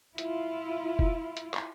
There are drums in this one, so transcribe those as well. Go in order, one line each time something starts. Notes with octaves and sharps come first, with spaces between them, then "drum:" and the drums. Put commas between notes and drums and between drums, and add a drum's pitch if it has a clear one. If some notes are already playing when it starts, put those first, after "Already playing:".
E4 F4, drum: hi-hat
drum: kick
drum: hi-hat
drum: clap